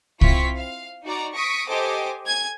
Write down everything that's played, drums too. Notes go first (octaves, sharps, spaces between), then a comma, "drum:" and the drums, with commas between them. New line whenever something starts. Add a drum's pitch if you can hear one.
C4 E4 F4 C#6 B6, drum: kick C2
F5
D#4 F#4 D5 A#5
C#6 D#6 A#6 B6 D7
G4 A4 C5 D#5 G#5 D6
G#5 G#6